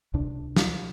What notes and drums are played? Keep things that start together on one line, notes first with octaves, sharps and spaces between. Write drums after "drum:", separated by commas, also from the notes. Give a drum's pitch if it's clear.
C#2 C3 D4
drum: snare